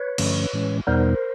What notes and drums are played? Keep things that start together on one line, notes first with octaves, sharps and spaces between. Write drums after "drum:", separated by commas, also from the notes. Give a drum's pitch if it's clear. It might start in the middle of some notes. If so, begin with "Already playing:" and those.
Already playing: B4 C#5
G2 D3 F3 A3 C#4, drum: cymbal
A2 E3 G#3 C#4
E2 B2 G3 B3 D#4 A#4 C5